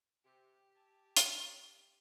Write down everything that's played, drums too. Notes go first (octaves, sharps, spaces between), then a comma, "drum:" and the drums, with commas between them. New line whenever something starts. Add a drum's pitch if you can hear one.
C3 G4
E5 G#5 A5
drum: hi-hat